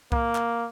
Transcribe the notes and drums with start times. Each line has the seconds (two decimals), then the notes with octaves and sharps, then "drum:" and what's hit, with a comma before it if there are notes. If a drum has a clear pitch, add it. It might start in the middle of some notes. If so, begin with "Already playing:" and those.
0.12 A#3, drum: kick C2
0.35 drum: clap